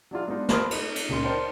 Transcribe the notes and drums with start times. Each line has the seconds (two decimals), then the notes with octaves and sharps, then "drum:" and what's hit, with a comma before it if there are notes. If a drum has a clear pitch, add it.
0.11 F#3 D4 E4 F4
0.28 G#3 B3 D4 D#4 F4
0.49 B4 C5 B5 C#6 D#6 F6, drum: snare
0.71 A3 D#4, drum: cymbal
0.96 drum: cymbal
1.09 C#2 A#2 C#3 D#4 C6
1.24 D#4 A#4 C5 D5 G5 A5